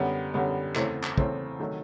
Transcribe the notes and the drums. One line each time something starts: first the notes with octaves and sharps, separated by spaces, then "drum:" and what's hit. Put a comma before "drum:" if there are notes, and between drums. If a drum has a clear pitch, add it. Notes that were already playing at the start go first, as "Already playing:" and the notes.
Already playing: F#2 D3 G3 B3
F#2 D3 G3 B3
E2 C#3 E3 A3 C4, drum: clap
drum: clap
E2 C#3 E3 A3 C4, drum: kick
C3 D#3 F#3 A3